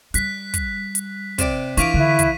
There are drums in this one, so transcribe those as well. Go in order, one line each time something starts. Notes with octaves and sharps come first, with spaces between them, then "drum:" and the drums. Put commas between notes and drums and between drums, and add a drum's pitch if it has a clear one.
G3 F#6 B6, drum: hi-hat
drum: kick, hi-hat
drum: hi-hat
C3 C4 D5, drum: kick, hi-hat
E3 D4 F4 C#6 D6 B6 D#7, drum: hi-hat
D3 E4 F#6
drum: kick, hi-hat